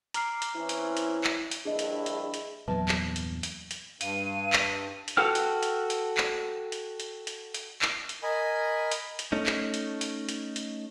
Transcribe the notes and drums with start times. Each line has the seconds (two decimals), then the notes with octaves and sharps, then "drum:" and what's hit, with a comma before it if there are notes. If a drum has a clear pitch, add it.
0.14 A#5 D6 F6 C7, drum: hi-hat
0.42 drum: hi-hat
0.55 E3 C4 C#4 E4
0.69 drum: hi-hat
0.97 drum: hi-hat
1.24 drum: clap
1.51 drum: hi-hat
1.65 A#1 G2 D4 E4 G#4 D#5
1.79 drum: hi-hat
2.06 drum: hi-hat
2.34 drum: hi-hat
2.68 E2 G2 A#2 F#3 B4 A5
2.88 drum: clap
3.16 drum: hi-hat
3.43 drum: hi-hat
3.71 drum: hi-hat
4.01 G2 F5 D#7, drum: hi-hat
4.53 drum: clap
5.08 drum: hi-hat
5.17 F#4 A4 B4 G5 F6
5.35 drum: hi-hat
5.63 drum: hi-hat
5.90 drum: hi-hat
6.17 drum: clap
6.72 drum: hi-hat
7.00 drum: hi-hat
7.27 drum: hi-hat
7.54 drum: hi-hat
7.82 drum: clap
8.09 drum: hi-hat
8.23 A#4 D#5 G#5 B5
8.91 drum: hi-hat
9.19 drum: hi-hat
9.32 A3 C#4 D#4
9.46 drum: clap
9.74 drum: hi-hat
10.01 drum: hi-hat
10.29 drum: hi-hat
10.56 drum: hi-hat